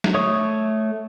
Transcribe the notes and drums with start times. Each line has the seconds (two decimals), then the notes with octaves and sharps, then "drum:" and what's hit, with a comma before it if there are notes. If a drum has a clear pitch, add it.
0.04 drum: snare
0.14 A3 C#5 C#6 D#6